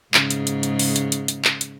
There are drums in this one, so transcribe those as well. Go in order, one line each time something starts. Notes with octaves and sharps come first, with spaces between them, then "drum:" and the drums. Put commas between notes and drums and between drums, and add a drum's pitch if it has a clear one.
G#2 C#3, drum: clap
drum: hi-hat
drum: hi-hat
drum: hi-hat
drum: open hi-hat
drum: hi-hat
drum: hi-hat
drum: hi-hat
drum: clap
drum: hi-hat